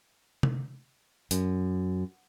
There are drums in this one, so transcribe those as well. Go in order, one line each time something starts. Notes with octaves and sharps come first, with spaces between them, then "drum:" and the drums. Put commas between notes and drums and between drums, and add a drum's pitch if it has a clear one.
drum: tom C3
F#2, drum: hi-hat